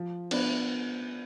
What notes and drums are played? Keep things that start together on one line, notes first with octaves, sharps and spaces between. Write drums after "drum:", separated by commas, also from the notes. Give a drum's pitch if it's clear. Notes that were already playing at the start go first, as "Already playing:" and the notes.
Already playing: F3
B3 D4, drum: cymbal